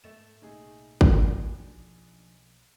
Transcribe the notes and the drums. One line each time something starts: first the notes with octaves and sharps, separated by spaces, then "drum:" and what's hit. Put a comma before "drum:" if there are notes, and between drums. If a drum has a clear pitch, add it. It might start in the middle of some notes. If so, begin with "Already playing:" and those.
G#2 A3 A6 E7
B1 A2 C#3 A#3 D#4 G#4
drum: kick G#1
F3 D4